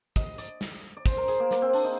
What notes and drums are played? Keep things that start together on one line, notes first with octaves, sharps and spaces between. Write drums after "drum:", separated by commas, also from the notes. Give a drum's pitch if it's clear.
D#5, drum: kick, hi-hat
D5, drum: hi-hat
drum: snare
D5
C5, drum: kick, hi-hat
A#4
G#4, drum: hi-hat
A#3
A#3, drum: snare
C4
D4, drum: open hi-hat
D#4